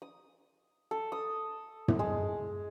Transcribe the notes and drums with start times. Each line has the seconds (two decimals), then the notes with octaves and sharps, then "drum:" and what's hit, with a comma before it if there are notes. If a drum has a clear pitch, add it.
0.02 D#6
0.91 A4
1.12 D#6
1.88 drum: tom
1.99 G#3